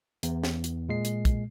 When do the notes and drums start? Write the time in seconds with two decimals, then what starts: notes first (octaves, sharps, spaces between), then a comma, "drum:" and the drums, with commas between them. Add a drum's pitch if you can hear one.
0.23 E2, drum: hi-hat
0.44 drum: snare
0.64 drum: hi-hat
0.89 A#2 G#3 C7
1.05 drum: hi-hat
1.25 drum: kick, hi-hat